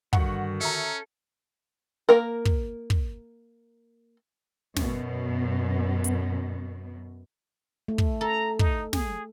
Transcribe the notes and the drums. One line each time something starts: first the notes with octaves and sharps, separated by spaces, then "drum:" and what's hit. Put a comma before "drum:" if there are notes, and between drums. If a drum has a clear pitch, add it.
G2 D3 D#3 F#4 F#5 C#6 C#7, drum: kick
C#4 A4 E5 A#5
A#3 A#4
drum: kick
drum: kick
F#2 B2, drum: snare
drum: hi-hat
A3
drum: kick
A4 A#5
D#4, drum: kick
G#4, drum: snare